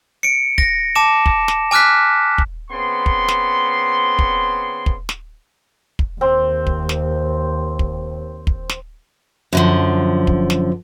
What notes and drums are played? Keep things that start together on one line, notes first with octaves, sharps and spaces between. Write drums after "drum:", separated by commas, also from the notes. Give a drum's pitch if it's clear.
C#7 D7
A#6, drum: kick
A5 D6 E7
drum: kick
drum: snare
G#5 D6 F6 F#6 B6
drum: kick
C#3 B3 C4 C6
drum: kick
drum: snare
drum: kick
drum: kick
drum: snare
drum: kick
D#2 C4
drum: kick
drum: snare
drum: kick
drum: kick
drum: snare
F#2 D3 F3
drum: kick
drum: snare